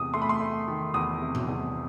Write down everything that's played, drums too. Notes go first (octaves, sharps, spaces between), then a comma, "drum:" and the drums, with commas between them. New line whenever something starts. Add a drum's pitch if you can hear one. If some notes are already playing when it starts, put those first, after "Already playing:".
Already playing: E2 C3 A3 D#6
A3 C6
B5
C6
A3
D#3
E2 D#6
C3
drum: tom A#2
E2